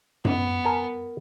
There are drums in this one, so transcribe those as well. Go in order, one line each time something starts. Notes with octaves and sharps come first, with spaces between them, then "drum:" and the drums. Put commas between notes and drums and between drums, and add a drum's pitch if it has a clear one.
B3, drum: tom F#2
A#4 G#5 A5